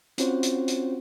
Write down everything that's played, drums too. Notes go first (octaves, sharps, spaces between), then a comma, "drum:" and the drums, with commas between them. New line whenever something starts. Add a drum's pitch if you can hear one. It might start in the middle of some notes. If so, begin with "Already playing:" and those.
C4 C#4 F4 F#4 C5 C#5, drum: hi-hat
drum: hi-hat
drum: hi-hat